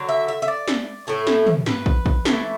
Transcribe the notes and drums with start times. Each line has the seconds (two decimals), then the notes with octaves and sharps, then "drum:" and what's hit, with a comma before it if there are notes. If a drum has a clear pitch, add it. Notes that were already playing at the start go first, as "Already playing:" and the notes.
Already playing: D3 F#3
0.09 E5
0.28 E5
0.42 E5
0.48 D5
0.68 drum: snare
1.07 A2 A3 E4
1.27 drum: snare
1.46 drum: tom
1.66 B4, drum: snare
1.86 drum: kick
2.06 drum: kick
2.25 E3 A3 E4, drum: snare